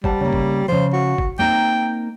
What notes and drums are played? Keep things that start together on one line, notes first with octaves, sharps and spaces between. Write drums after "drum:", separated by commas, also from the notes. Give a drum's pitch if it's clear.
G3 C5 F#5 A5, drum: kick
C#3 A#3
drum: kick
C#3 F3 C5
F#4
drum: kick
A#3 C4 D#4 G5